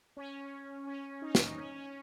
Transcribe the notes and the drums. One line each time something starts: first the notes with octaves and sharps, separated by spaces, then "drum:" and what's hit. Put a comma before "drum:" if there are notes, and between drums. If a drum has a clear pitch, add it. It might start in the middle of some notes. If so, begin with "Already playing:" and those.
C#4
C#4
D#4
drum: snare
C#4
C#4